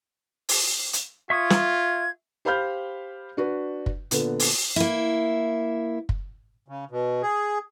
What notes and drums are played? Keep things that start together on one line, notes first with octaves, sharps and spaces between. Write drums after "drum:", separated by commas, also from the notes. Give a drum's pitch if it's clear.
drum: open hi-hat
drum: hi-hat
F4 E5 C#6 D#6 G#6
drum: snare
G4 C5 F5 B5 F6 G6
D4 F#4 B4
drum: kick
A#2 D3 B3, drum: hi-hat
drum: open hi-hat
A#3 E4
drum: kick
C#3
B2
G#4